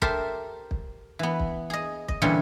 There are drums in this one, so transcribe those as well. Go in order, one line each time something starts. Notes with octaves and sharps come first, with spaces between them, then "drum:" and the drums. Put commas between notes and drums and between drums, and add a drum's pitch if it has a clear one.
G4 A4 A#4 C5 E5, drum: kick
drum: kick
E3 B3
drum: kick
G#4 D#5
D#5, drum: kick
A#2 D3 E3 G3 C#4 C#5